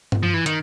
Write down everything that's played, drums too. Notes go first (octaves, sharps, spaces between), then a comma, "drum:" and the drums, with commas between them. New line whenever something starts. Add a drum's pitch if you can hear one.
drum: tom G2
F3
E3
D#3, drum: hi-hat